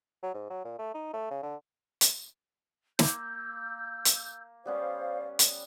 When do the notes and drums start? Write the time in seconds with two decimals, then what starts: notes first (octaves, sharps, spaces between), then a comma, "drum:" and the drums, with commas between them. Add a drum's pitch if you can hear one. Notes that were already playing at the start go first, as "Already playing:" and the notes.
0.23 F#3
0.34 G#2
0.50 F#3
0.65 A#2
0.79 A3
0.94 D#4
1.13 A3
1.31 C#3
1.43 D3
2.01 drum: hi-hat
2.99 A#3 E6 G6, drum: snare
4.05 drum: hi-hat
4.65 G3 B3 C#4 C5 D5 F5
5.39 drum: hi-hat